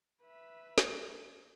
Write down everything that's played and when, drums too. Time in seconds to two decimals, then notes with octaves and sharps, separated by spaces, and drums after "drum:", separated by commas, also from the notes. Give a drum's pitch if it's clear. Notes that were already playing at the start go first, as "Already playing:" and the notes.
0.22 B4 E5
0.78 drum: snare